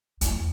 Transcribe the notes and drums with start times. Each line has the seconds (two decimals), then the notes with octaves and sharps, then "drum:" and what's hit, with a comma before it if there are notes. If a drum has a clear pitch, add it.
0.21 E2, drum: hi-hat